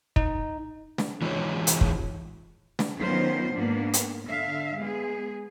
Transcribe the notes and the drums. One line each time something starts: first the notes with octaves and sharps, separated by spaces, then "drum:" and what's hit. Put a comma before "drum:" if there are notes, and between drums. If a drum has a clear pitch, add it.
D#4, drum: kick
drum: snare
E3 G#3 C#4 D#4 F4 C#5
drum: hi-hat
drum: kick
drum: snare
D#3 F#3 B3 C#4 F4 C5
G#2 A#3 B3 D4
drum: hi-hat
D3 E5 F5
G#3 B3 G#4